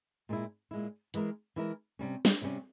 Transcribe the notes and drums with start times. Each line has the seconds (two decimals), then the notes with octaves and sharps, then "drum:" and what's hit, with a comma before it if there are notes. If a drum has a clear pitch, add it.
0.29 A#2 G#3 E4
0.71 A#2 G#3 E4
1.14 E3 G#3 E4 A#4, drum: hi-hat
1.56 E3 G#3 E4 A#4
1.99 C3 G3 C#4
2.25 drum: snare
2.42 C3 G3 C#4